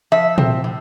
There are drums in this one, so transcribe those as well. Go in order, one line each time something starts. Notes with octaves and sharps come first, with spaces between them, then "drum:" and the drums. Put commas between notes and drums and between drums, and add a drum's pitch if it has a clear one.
F3 E5
C4, drum: tom A#2
A2